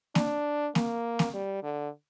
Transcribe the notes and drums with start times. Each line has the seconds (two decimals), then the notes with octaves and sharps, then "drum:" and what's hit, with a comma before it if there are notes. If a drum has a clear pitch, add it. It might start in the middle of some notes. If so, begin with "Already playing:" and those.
0.15 D4, drum: snare A#3
0.75 A#3, drum: snare A#3
1.19 drum: snare A#3
1.34 G3
1.63 D3